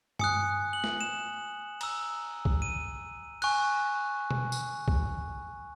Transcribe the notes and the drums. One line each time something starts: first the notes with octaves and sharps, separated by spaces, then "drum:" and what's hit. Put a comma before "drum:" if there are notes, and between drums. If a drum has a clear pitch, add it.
G#5 D#6 F#6 C#7, drum: tom G2
F#7
drum: snare
E7
A#5 E6, drum: cymbal
drum: kick B1
D#7
G#5 C#6 F#6, drum: cymbal
drum: tom B2
drum: tambourine
drum: kick B1